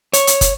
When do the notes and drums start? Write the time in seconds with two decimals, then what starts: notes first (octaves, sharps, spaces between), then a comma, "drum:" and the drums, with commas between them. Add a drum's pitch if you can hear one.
0.13 C#5, drum: hi-hat
0.27 drum: hi-hat
0.41 drum: kick, hi-hat